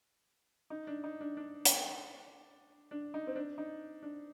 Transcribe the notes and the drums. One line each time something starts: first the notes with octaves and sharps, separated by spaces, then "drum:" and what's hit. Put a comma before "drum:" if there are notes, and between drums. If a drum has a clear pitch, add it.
D#4
D4
D#4
D4
D4
drum: hi-hat
D4
D#4
C4
D4
D#4
D4